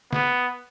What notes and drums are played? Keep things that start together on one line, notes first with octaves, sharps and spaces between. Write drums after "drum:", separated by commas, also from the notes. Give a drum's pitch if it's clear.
B3, drum: snare